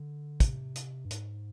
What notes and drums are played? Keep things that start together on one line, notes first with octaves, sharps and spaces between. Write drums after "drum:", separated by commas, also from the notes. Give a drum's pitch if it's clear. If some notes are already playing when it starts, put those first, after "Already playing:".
Already playing: D3
C3, drum: kick, hi-hat
drum: hi-hat
G2
G#2, drum: hi-hat